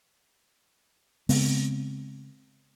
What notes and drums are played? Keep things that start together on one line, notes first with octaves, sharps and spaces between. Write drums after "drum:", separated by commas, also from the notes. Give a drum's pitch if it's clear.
C#3 G#3 B3 C4, drum: open hi-hat